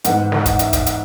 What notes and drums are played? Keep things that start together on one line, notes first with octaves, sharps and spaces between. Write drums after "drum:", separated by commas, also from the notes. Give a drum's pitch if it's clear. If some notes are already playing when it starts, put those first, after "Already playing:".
G#2 E3 G#3 F#5, drum: hi-hat
drum: snare
drum: kick, hi-hat
E5, drum: hi-hat
drum: kick, hi-hat
drum: hi-hat